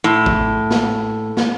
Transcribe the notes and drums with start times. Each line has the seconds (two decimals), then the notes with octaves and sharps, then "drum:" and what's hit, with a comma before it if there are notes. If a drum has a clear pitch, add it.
0.04 A2
0.26 drum: kick A1
0.71 drum: snare
1.37 drum: snare